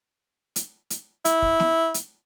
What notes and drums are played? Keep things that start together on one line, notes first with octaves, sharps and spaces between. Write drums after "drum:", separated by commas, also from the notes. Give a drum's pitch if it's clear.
drum: hi-hat
drum: hi-hat
E4, drum: hi-hat
drum: kick
drum: snare
drum: hi-hat